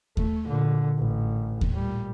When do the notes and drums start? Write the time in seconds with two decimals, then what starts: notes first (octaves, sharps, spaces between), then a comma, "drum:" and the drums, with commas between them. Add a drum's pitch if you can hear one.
0.17 A3, drum: kick D#2
0.45 A#2 D3
0.98 A1
1.61 drum: kick D#2
1.74 A#2 G3